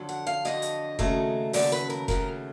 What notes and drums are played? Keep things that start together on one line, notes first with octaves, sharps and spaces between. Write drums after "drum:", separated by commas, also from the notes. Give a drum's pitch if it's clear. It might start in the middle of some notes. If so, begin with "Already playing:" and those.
Already playing: F2 D3 F#3
F#5
F5
F2 D3 F#3 D#5
drum: hi-hat
D#2 C#3 F#3 A3, drum: kick F1
D#2 C#3 F#3 A3 D5, drum: open hi-hat
B4
A#4
D#2 C#3 F#3 A3 A#4, drum: kick F1